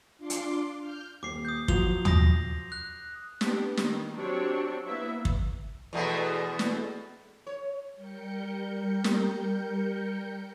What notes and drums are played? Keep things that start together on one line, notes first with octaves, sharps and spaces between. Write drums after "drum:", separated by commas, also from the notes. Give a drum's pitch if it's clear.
D4 F4 C6 D6 C7
drum: hi-hat
F6 G6
D#1 D6 C7
D#6 G6
F3 F#3 D#6 F7 G7, drum: kick
D#6 A#6, drum: tom
F#6
B3 D4 G4, drum: snare
D#3 G3 D#4, drum: snare
F#3 C4 D4 F#4 G4 C#5
A#3 B3 E4 E5
drum: kick
E2 B2 A3
drum: snare
C#5
G3 A#4 G5 G6 C#7
drum: snare